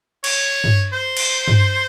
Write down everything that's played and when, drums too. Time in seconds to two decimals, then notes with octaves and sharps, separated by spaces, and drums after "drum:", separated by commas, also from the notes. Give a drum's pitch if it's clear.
0.24 C#5, drum: cymbal
0.64 drum: tom G2
0.93 C5
1.17 drum: cymbal
1.48 drum: tom G2